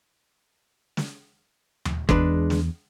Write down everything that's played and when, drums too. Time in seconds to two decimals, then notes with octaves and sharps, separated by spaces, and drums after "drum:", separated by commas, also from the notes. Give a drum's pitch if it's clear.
0.97 drum: snare
1.85 drum: tom D#2
2.09 E2 G#3 D4 B4, drum: kick
2.50 drum: snare